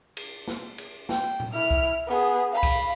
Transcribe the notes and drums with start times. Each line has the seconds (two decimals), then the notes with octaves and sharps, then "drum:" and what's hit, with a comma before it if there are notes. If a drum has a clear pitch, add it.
0.17 drum: cymbal
0.48 drum: snare
0.78 drum: cymbal
1.09 G5, drum: snare
1.40 drum: tom A#2
1.53 E4 F6
1.71 drum: kick C2
2.07 B3 G#4
2.52 F5 B5
2.63 drum: kick C2, cymbal